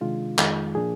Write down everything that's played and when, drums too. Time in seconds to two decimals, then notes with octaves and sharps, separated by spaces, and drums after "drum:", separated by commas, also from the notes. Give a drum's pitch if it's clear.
0.01 C3 D#3 G#3 D4 F4
0.38 F2 D#3 G#3, drum: clap
0.75 A#2 F3 A#3 D4 G#4